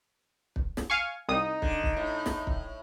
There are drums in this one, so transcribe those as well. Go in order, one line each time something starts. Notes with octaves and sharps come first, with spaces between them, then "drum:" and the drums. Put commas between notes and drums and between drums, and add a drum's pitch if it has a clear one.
drum: kick
drum: snare
F5 G#5 C#6
C2 D#4 D#6
D3, drum: kick
drum: kick
A2
drum: snare
drum: kick